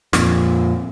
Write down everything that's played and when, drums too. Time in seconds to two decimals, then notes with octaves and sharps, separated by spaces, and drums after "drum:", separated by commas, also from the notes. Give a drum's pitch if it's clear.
0.13 F2 A#2, drum: snare